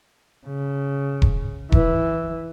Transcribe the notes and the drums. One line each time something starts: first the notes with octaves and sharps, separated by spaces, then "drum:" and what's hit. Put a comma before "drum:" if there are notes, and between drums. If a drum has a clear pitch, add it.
C#3
drum: kick E1
E3, drum: kick E1